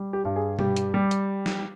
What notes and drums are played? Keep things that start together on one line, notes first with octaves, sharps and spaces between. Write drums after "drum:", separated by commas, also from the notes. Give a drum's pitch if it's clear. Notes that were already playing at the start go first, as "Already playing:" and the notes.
Already playing: G3
G4
G2 G4
G#4
G3 G4, drum: tom B2
drum: hi-hat
G3
drum: hi-hat
drum: snare